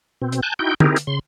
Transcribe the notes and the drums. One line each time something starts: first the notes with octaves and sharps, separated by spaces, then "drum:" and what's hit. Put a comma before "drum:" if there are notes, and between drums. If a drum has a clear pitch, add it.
B2 C4
drum: hi-hat
G#5 A5 F#6 G6
D#4 E4 F#4 G5 G6
C4 D#4 E4 G4 G#4 A#4, drum: tom D3
drum: hi-hat
C#3 C6